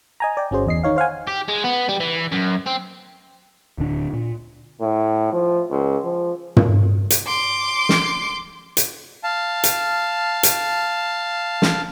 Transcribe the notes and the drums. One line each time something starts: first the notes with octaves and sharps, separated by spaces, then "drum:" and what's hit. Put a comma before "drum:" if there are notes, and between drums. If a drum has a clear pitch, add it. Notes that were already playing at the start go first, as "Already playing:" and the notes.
D#5 G#5 A#5
D5 G5
G1 C#4 F#4 G#4 C5
E2 D#5 C7
D#3 D#4 C#5 F5
C5 F5 F#5 G#5
G4
G#3
B3
G3
E3
F#2
C4
D1 D3 D4
A#2
A2
F3
C#2
F3
drum: tom
drum: hi-hat
C6 D6
drum: snare
drum: hi-hat
F5 A5
drum: hi-hat
drum: hi-hat
drum: snare